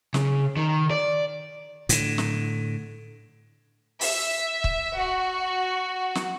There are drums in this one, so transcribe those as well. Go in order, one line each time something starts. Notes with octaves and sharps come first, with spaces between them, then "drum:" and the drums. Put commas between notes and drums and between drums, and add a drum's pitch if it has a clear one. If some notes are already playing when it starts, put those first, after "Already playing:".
C#3, drum: snare
D#3
D5
A2 D3, drum: hi-hat
drum: snare
E5, drum: open hi-hat
drum: kick
F#4
drum: snare